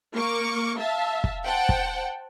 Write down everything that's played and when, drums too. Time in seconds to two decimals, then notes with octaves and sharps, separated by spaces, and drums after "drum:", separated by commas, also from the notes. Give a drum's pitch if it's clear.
0.15 A#3 C#6 D6
0.79 E5 F5 A5
1.24 drum: kick
1.45 C5 F#5 G5 A5
1.69 drum: kick